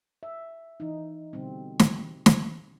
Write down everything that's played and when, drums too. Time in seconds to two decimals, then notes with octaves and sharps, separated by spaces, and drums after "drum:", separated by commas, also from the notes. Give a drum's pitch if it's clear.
0.23 E5
0.80 E3 D#4
1.33 B2 D3 G3 C4
1.80 drum: snare
2.26 drum: snare